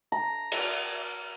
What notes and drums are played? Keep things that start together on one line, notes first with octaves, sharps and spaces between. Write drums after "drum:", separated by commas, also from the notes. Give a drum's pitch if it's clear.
A#5
drum: cymbal